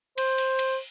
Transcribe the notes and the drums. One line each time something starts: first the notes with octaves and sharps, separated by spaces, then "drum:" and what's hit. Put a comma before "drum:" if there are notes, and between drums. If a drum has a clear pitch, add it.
C5, drum: cymbal
drum: cymbal
drum: cymbal